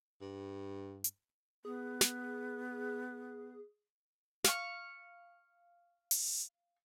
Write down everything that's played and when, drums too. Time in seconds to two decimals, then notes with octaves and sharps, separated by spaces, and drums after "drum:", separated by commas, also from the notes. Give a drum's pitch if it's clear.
0.21 G2
1.04 drum: hi-hat
1.65 B3 G#4
2.01 drum: snare
4.44 F5 C#6, drum: snare
6.11 drum: open hi-hat